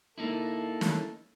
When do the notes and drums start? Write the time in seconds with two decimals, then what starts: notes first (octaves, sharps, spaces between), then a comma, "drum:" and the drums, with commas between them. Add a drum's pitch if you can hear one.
0.18 A#3 D#4 E4 A4
0.81 drum: snare